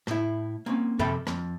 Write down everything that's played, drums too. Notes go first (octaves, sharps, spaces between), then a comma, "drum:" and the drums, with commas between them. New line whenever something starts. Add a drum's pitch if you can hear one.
A2 E4, drum: rim click
A#3 C4 C#4
F2 C3 A4 E5 G5 B5, drum: tom
F2, drum: rim click